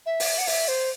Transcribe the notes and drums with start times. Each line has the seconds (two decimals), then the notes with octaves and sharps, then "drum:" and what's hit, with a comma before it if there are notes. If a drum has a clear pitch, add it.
0.06 E5
0.20 drum: open hi-hat
0.38 F#5
0.47 E5, drum: open hi-hat
0.68 C5